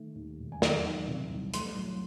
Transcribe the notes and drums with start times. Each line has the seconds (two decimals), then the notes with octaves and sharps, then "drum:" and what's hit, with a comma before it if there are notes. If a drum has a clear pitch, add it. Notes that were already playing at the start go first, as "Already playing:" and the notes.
Already playing: D#3 A3
0.15 D#2
0.39 E1
0.52 G#5
0.62 F#3 F#5, drum: snare
0.84 D#3
1.07 C3
1.30 C2
1.54 A3 C6, drum: hi-hat
1.76 F#3